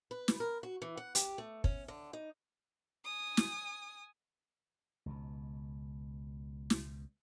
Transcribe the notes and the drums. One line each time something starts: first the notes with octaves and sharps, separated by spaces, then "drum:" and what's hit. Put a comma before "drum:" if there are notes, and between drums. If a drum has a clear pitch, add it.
B4
drum: snare
A#4
F#4
E3
F#5
G4, drum: hi-hat
A3
C#4, drum: kick
D3
D#4
G#5 D#6
drum: snare
C#2 B2
drum: snare